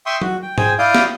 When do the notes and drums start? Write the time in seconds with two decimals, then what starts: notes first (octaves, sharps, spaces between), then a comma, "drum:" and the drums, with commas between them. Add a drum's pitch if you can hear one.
0.06 E5 G5 C6 C#6 D#6
0.22 F#4, drum: tom
0.43 G5
0.58 G#4 C5 G5 G#5 D#6, drum: tom G#2
0.79 E4 D5 F5 D#6 G6
0.95 drum: snare